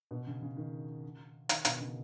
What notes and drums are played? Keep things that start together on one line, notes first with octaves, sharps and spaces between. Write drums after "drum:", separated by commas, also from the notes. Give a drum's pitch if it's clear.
B2
C#3
C#3
D#3
D#3, drum: hi-hat
B2, drum: hi-hat
C#3